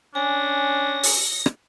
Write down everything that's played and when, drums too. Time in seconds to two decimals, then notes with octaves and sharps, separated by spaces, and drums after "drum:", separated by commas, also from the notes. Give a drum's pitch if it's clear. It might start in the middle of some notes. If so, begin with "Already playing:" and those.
0.15 C#4 D4 G#5 A#6
1.03 drum: open hi-hat
1.46 drum: rim click